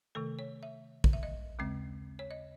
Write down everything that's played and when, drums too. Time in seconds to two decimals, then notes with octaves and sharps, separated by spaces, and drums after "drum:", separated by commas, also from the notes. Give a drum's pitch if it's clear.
0.15 C3 D#3 A3 A4
0.39 C#5
0.63 E5
1.04 drum: kick A#1
1.13 E5
1.23 D#5
1.59 D#2 C#3 G#3 C4
2.19 C#5
2.31 D#5